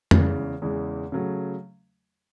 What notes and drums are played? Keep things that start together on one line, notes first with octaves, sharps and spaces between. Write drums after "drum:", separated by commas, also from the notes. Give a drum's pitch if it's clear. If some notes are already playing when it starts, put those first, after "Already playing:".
E2 C#3 E3 G#3, drum: tom F2
E2 C#3 E3 G#3
C#3 F#3 A3